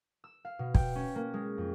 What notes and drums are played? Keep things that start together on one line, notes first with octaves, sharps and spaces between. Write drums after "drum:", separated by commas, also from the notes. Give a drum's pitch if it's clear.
E6
F5
B2
G5, drum: kick
C#4
A#3
G#3
F2